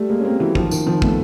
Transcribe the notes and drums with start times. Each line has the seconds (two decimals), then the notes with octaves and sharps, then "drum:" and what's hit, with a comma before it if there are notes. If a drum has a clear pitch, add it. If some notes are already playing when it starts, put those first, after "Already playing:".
Already playing: G3 A3
0.09 G#3 A#3
0.19 C#4
0.25 A#3 C4
0.40 E3 F#3
0.55 D#3 F3, drum: kick
0.71 D#3, drum: tambourine
0.86 D#3 F3
1.02 A3 B3, drum: kick